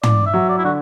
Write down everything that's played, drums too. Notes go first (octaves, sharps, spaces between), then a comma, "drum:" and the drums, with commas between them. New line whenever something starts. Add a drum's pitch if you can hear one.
D5, drum: tom
E5
F#3
D5
E4
D3 F#4